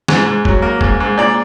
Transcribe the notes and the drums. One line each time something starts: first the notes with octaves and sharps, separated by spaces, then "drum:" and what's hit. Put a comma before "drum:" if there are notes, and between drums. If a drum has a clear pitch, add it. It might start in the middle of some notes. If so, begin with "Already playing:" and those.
G#2, drum: snare
G#2
F#3, drum: kick
A#3
G#2, drum: kick
G#2
A#2 D5